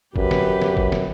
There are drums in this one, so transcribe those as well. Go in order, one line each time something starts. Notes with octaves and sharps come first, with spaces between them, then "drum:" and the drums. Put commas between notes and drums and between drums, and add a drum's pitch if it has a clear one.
F#2 G4 B4, drum: kick
drum: snare
drum: snare
drum: kick
drum: snare